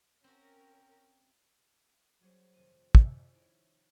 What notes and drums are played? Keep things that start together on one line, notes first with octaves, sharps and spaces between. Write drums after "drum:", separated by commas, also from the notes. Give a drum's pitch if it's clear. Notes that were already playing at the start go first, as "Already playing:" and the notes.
C4 C#4 F#4 A#4
F#3 G3 C#4 G#4 C5 C#5
D#1 F2 C3 C#4 C5 D#7
drum: kick
C4 C#4 D#4 E4 G4 C#5